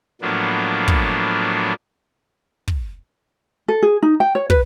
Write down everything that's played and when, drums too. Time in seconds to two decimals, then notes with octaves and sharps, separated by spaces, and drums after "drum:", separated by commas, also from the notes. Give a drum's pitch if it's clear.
0.21 A2 F3 F#3 A#3 B3 D4
0.88 drum: kick
2.68 drum: kick
3.68 A4
3.82 G#4
4.03 D#4
4.20 G5
4.35 C#5
4.50 B4, drum: kick